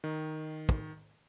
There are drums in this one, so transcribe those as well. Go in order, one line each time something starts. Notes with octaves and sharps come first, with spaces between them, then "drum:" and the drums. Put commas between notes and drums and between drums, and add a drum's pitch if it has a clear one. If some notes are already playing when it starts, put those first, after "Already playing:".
D#3
drum: kick